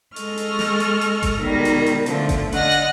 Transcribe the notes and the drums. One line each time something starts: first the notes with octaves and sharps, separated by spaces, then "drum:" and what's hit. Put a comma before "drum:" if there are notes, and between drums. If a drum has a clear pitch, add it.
G#3 A4 D#5 C#6 F6, drum: hi-hat
drum: hi-hat
drum: snare
drum: hi-hat
drum: hi-hat
drum: kick G#1, hi-hat
B2 D#3 G3 G#3 A#4
drum: hi-hat
drum: hi-hat
D3 F3 A3, drum: hi-hat
drum: kick G#1, hi-hat
D3 D4 D#5 F#5 F6 A#6, drum: hi-hat
drum: hi-hat